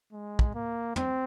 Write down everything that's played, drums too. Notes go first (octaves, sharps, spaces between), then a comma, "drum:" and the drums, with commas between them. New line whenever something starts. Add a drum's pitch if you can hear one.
G#3
drum: kick
A#3
C4, drum: tom